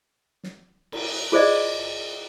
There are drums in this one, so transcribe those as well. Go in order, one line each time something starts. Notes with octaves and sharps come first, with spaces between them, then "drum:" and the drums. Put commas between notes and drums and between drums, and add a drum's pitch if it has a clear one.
drum: snare
drum: cymbal
F4 G#4 C5 D5 D#5